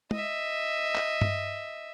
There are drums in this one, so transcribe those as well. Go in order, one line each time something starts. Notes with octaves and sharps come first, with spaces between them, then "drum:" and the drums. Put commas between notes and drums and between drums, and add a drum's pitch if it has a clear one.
D#5 E5, drum: tom
drum: clap
drum: tom G2